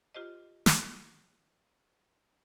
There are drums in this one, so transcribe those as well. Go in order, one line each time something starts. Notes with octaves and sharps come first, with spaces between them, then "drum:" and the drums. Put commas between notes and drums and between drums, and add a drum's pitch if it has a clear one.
F4 G4 C5 D#5
drum: snare